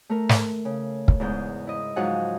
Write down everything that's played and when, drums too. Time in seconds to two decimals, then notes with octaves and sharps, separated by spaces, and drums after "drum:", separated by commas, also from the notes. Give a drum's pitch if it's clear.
0.10 A3 A#4
0.29 drum: snare
0.65 C#3
1.08 drum: kick
1.20 E2 G#2 G6
1.67 E4 D#5
1.96 G#2 F3 F#3 G#4 F#5